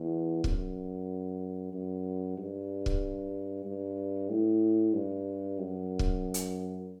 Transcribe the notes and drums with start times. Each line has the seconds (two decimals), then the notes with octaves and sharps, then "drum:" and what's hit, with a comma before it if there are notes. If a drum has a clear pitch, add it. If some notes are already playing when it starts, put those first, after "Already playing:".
Already playing: E2
0.44 F#2, drum: kick
1.73 F#2
2.37 G2
2.86 drum: kick
3.66 G2
4.29 A2
4.94 G2
5.59 F#2
5.99 drum: kick
6.34 drum: hi-hat